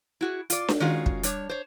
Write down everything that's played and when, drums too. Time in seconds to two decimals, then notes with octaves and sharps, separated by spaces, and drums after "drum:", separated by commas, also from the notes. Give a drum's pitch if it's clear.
0.21 E4 F#4 G#4
0.50 F4 D5, drum: hi-hat
0.68 drum: snare D4
0.80 D#3 G#3 C#4 F4 F#4 G#4
1.06 drum: kick
1.23 G3 D4 C#5, drum: hi-hat
1.49 C5 C#5